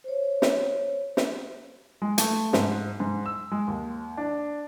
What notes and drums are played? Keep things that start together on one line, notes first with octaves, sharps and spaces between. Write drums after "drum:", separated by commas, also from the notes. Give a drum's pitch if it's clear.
C5 C#5
drum: snare
drum: snare
G#3
A3, drum: hi-hat
G#2, drum: snare
G#2
E6
G#3
D#2
D4